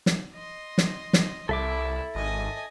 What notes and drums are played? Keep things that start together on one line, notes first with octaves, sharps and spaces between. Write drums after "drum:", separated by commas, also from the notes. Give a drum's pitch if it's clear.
drum: snare
D#5 C6
drum: snare
drum: snare
C2 E4 A4 E5 D6
G#1 D#5 G#5